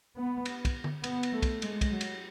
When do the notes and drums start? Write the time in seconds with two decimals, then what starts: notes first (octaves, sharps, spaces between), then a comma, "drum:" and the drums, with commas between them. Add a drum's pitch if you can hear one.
0.16 B3
0.45 drum: cymbal
0.65 drum: kick, cymbal
0.84 drum: tom D3
1.04 B3, drum: cymbal
1.23 drum: cymbal
1.32 A3
1.42 drum: kick, cymbal
1.62 G#3, drum: cymbal
1.81 drum: kick, cymbal
1.91 F#3
2.01 drum: cymbal